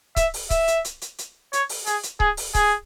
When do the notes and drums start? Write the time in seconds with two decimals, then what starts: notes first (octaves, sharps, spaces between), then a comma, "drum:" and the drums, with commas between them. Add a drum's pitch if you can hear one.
0.16 E5, drum: kick C#1, hi-hat
0.34 drum: open hi-hat
0.50 E5, drum: kick C#1, hi-hat
0.68 drum: hi-hat
0.85 drum: hi-hat
1.01 drum: hi-hat
1.18 drum: hi-hat
1.53 C#5, drum: hi-hat
1.69 drum: open hi-hat
1.86 G#4, drum: hi-hat
2.03 drum: hi-hat
2.20 G#4, drum: kick C#1
2.37 drum: open hi-hat
2.55 G#4, drum: kick C#1, hi-hat